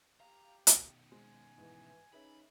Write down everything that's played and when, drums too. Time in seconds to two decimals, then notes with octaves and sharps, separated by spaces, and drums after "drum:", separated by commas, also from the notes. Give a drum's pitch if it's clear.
0.20 G4 F5 A#5
0.67 B2 D#3, drum: hi-hat
1.11 G#3 C4 G#5
1.58 G#2 E3
2.13 C#4 D#4 G#4 B4 E5 B5